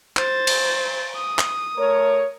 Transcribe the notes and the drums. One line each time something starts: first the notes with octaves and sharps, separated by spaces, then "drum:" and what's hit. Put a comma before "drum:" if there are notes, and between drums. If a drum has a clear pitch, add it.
C5 A6, drum: clap
drum: cymbal
D#6
drum: clap
A3 A#4 C#5